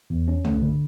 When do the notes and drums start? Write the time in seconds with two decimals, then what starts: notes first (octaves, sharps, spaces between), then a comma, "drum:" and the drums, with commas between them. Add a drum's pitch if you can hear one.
0.10 E2
0.28 C#4
0.45 A3, drum: tom
0.62 D3